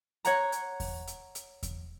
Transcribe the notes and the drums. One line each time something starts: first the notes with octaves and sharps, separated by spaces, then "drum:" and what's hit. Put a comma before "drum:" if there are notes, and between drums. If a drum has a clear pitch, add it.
C#5 F#5 A#5, drum: hi-hat
drum: hi-hat
drum: kick E2, open hi-hat
drum: hi-hat
drum: hi-hat
drum: kick E2, hi-hat